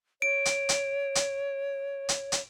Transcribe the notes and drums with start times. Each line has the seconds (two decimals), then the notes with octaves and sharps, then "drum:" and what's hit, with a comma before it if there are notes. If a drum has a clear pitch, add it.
0.22 C#5 D7
0.45 drum: hi-hat
0.69 drum: hi-hat
1.15 drum: hi-hat
2.09 drum: hi-hat
2.32 drum: hi-hat